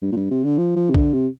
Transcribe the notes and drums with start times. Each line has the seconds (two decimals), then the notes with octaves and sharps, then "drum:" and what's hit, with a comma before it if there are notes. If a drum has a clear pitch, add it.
0.02 G2
0.12 A#2
0.16 G2
0.30 C3
0.44 D3
0.58 F3
0.76 F3
0.90 C3
0.94 D3, drum: kick B1
1.13 C3